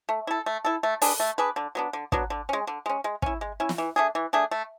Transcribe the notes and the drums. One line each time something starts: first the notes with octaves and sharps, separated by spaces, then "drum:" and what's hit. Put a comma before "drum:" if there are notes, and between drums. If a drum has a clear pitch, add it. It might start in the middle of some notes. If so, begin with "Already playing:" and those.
A3
E4 A4
A3
E4 A4
A3
D4 G#4 B4, drum: open hi-hat
A3
D4 G#4 B4
D3
F#3 B3 D4
D3
F#3 B3 D4, drum: kick
D3
G#3 C#4
D3
G#3 C#4
G#3
C#4 E4, drum: kick
G#3
C#4 E4
drum: snare
E3
A3 D4 G#4
E3
A3 D4 G#4
A3